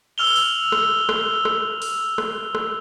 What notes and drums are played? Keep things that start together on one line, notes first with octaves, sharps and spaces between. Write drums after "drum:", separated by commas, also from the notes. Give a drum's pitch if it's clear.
E6 F6 F7 G7
drum: open hi-hat
drum: rim click
drum: rim click
drum: rim click
drum: open hi-hat
drum: rim click
drum: rim click